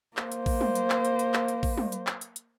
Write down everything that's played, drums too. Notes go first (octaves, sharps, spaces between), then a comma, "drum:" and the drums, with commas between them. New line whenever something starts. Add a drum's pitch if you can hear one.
A#3 C5, drum: clap
drum: hi-hat
drum: kick A1, open hi-hat
drum: tom
drum: hi-hat
drum: clap
drum: hi-hat
drum: hi-hat
drum: clap
drum: hi-hat
drum: kick A1, open hi-hat
drum: tom
drum: hi-hat
drum: clap
drum: hi-hat
drum: hi-hat